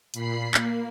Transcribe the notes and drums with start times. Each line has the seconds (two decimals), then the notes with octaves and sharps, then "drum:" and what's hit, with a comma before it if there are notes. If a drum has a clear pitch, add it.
0.14 A#2 B5 C7, drum: hi-hat
0.54 A#3, drum: clap